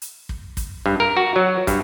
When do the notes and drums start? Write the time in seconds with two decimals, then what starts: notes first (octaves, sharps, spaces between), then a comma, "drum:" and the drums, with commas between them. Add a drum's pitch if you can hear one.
0.02 drum: hi-hat
0.29 drum: kick
0.57 drum: kick, hi-hat
0.86 G2
1.00 A#4
1.17 F#4
1.36 F#3
1.67 G2, drum: kick, hi-hat